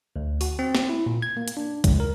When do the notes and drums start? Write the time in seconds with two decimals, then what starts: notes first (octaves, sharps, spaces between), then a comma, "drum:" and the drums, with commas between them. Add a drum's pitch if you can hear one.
0.16 D2
0.41 F#4, drum: open hi-hat
0.59 C4
0.75 drum: snare
0.89 E4
1.06 A#2
1.22 G#6
1.37 A#3
1.48 drum: hi-hat
1.57 D4
1.84 C#2, drum: kick C2, hi-hat
2.00 A#4